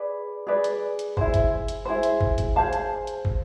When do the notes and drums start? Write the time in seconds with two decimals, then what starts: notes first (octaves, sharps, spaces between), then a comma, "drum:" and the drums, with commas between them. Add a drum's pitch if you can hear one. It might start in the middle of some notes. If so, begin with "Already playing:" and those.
Already playing: G#4 B4 D5
0.47 G#4 B4 D5
0.64 drum: hi-hat
0.99 drum: hi-hat
1.17 E4 G#4 C5, drum: kick
1.34 drum: kick, hi-hat
1.68 drum: hi-hat
1.85 E4 G#4 C5
2.03 drum: hi-hat
2.21 drum: kick
2.38 drum: kick, hi-hat
2.56 G#4 C5 F5 A5
2.73 drum: hi-hat
3.07 drum: hi-hat
3.25 drum: kick